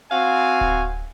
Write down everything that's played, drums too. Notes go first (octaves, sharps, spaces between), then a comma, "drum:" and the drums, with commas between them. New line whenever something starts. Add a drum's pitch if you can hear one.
C4 F#4 F5 G#5
drum: kick D1